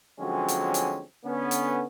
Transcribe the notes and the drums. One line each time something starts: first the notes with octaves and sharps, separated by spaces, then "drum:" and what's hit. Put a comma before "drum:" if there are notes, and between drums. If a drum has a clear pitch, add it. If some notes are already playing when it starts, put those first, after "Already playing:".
D3 F3 F#3 G#3 C4 C#4
drum: hi-hat
drum: hi-hat
D3 B3 C#4
drum: hi-hat